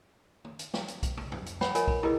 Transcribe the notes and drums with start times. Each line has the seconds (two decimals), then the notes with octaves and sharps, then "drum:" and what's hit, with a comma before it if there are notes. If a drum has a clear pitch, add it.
0.45 drum: tom
0.59 drum: hi-hat
0.74 drum: snare
0.88 drum: hi-hat
1.03 drum: kick, hi-hat
1.17 drum: tom
1.32 drum: tom F2
1.46 drum: hi-hat
1.61 C#5 F#5 G5 B5, drum: snare
1.75 F4 A#4 C#5 D#5 G#5, drum: hi-hat
1.88 B5, drum: kick
2.03 E4 G4 G#4 A#4 B4 D#5, drum: tom